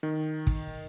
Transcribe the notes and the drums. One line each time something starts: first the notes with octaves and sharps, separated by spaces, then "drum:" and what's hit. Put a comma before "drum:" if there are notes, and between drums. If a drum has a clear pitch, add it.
D#3
drum: kick